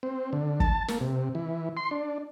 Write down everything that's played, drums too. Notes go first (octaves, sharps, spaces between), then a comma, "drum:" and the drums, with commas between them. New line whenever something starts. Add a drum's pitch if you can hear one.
C4
D3
A5, drum: kick
A#3, drum: snare
C3
E3
C6
D4